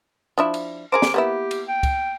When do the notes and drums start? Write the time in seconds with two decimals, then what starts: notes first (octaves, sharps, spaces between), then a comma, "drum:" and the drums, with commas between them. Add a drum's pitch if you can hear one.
0.38 F3 D4 E4
0.54 drum: cymbal
0.92 G#4 A#4 C5 D6
1.02 drum: snare
1.14 A#3 B3 E4 G4
1.51 drum: cymbal
1.68 G5
1.83 drum: kick, cymbal